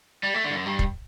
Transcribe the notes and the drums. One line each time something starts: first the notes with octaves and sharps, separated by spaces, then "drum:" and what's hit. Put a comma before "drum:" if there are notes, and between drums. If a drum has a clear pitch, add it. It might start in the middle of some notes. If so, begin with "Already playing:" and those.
G3
A3
D3
G2
F#2
G2
drum: kick